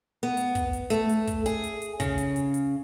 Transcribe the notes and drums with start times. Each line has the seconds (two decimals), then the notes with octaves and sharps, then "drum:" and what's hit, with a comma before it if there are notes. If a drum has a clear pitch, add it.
0.23 B3
0.37 drum: hi-hat
0.55 drum: kick, hi-hat
0.73 drum: hi-hat
0.90 A3, drum: hi-hat
1.09 drum: hi-hat
1.27 drum: kick, hi-hat
1.46 G#4, drum: hi-hat
1.64 drum: hi-hat
1.82 drum: hi-hat
2.00 C#3, drum: kick, hi-hat
2.18 drum: hi-hat
2.36 drum: hi-hat
2.54 drum: hi-hat